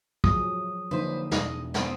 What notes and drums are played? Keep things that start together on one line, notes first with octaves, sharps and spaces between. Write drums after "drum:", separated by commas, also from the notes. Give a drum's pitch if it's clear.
F3 F#3 G#4 D#6, drum: kick
D3 F3 A#3 D4 D#4 B4 C5
E2 B2 D#5, drum: snare
B3 C4, drum: snare